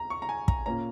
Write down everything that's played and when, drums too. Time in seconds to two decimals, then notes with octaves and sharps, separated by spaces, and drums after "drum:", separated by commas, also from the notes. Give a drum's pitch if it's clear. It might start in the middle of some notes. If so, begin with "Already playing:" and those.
Already playing: A#5
0.10 C#6
0.22 A#5
0.29 G#5
0.48 A#5, drum: kick
0.66 A#2 A#3 C#4 A#5